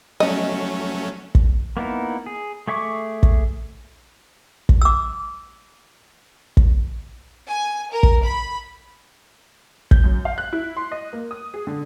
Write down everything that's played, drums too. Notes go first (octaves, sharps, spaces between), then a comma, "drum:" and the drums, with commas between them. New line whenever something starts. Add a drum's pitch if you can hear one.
F#3 A3 C#4 D#5
drum: kick
A#3 B3 D#4 E4
G#4
A3 G#4 E5 C#6 D6
drum: kick
drum: kick
D6 E6
drum: kick
G#5
A#4
drum: kick
B5
G6, drum: kick
F#2
F5
F#6
E4
C6
D#5
A#3
D#6
G#4
D3